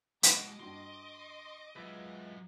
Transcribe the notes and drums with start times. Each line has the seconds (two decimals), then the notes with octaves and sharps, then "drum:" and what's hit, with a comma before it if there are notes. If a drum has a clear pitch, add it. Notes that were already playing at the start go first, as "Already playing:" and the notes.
0.23 G#3 F#4 D#5 D6, drum: hi-hat
0.60 G2 F#4 C6
1.76 F#3 G#3 F4 B4 E5